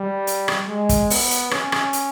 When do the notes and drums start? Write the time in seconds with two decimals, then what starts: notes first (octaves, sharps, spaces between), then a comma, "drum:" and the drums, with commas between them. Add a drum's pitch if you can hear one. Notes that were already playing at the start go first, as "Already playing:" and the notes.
Already playing: G3
0.27 drum: hi-hat
0.48 drum: rim click
0.68 G#3
0.89 drum: kick, hi-hat
1.10 B3, drum: open hi-hat
1.31 drum: hi-hat
1.51 C#4, drum: rim click
1.72 drum: rim click
1.93 drum: hi-hat